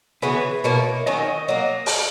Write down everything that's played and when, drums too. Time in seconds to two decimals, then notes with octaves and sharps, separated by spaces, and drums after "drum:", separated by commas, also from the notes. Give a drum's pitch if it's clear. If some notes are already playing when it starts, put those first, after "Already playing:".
0.22 C#3 E3 B3 F#4 B4
0.64 B2 A#3 E4 C#5
1.06 D#3 F#3 C#4 D#5
1.28 D#5
1.48 F#3 A#3 D#5
1.86 drum: open hi-hat